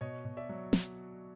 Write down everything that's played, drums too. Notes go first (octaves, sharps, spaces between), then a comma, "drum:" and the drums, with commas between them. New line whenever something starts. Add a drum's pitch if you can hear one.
B2 C#5 D#5
B2
D5 E5
F#3
drum: snare